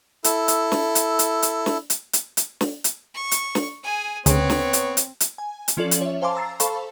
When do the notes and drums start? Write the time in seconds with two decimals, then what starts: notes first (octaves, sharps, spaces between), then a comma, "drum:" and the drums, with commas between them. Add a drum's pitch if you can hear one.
0.24 E4 A4, drum: hi-hat
0.48 drum: hi-hat
0.72 drum: snare
0.95 drum: hi-hat
1.19 drum: hi-hat
1.42 drum: hi-hat
1.66 drum: snare
1.90 drum: hi-hat
2.13 drum: hi-hat
2.37 drum: hi-hat
2.61 drum: snare
2.84 drum: hi-hat
3.14 C#6
3.31 drum: hi-hat
3.55 drum: snare
3.83 G#4 G#5
4.26 D2 C#3 B3 C4 C#5, drum: hi-hat
4.50 drum: snare
4.73 drum: hi-hat
4.97 drum: hi-hat
5.20 drum: hi-hat
5.38 G#5
5.68 drum: hi-hat
5.77 F3 C#4 F4 A4 D5 F#7
5.91 drum: hi-hat
6.01 C#5 E5
6.22 C5 F5 G#5 A5 C6 D6
6.35 A#5 E6 A6 C7
6.60 A4 C5 F5 A5 B5 C#6, drum: hi-hat